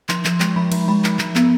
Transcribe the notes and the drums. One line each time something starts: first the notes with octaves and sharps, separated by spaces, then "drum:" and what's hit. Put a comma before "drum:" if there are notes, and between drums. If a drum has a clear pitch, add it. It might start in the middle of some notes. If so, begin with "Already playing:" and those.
F3 C6, drum: clap
F3, drum: clap
G#3, drum: clap
F3 B5
F3, drum: cymbal
G#3 B5
F3, drum: clap
F3, drum: clap
B3, drum: clap